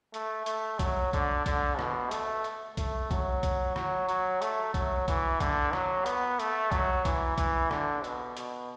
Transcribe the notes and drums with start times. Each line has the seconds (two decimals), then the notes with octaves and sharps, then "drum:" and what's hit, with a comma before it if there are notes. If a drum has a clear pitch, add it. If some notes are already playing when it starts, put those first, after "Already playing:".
0.14 A3, drum: hi-hat
0.46 A3, drum: hi-hat
0.79 F#3, drum: kick, hi-hat
1.13 D3, drum: kick, hi-hat
1.46 D3, drum: kick, hi-hat
1.79 B2, drum: rim click
2.11 A3, drum: hi-hat
2.44 drum: hi-hat
2.77 A3, drum: kick, hi-hat
3.11 F#3, drum: kick, hi-hat
3.43 drum: kick, hi-hat
3.76 F#3, drum: rim click
4.09 F#3, drum: hi-hat
4.42 A3, drum: hi-hat
4.74 F#3, drum: kick, hi-hat
5.08 E3, drum: kick, hi-hat
5.40 D3, drum: kick, hi-hat
5.73 F#3, drum: rim click
6.06 B3, drum: hi-hat
6.40 A3, drum: hi-hat
6.72 F#3, drum: kick, hi-hat
7.05 E3, drum: kick, hi-hat
7.38 E3, drum: kick, hi-hat
7.71 D3, drum: rim click
8.04 B2, drum: hi-hat
8.37 B2, drum: hi-hat